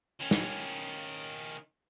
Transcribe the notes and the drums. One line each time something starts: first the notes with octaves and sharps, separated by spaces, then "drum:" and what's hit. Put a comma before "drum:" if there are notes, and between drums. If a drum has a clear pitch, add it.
D#3 C#4
drum: snare